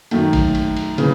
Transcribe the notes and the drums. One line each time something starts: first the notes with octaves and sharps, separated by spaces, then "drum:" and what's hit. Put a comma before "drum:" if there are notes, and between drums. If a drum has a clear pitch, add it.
F#2 D#3 A3, drum: cymbal
drum: kick G#1, cymbal
drum: cymbal
drum: cymbal
C#3 E3, drum: cymbal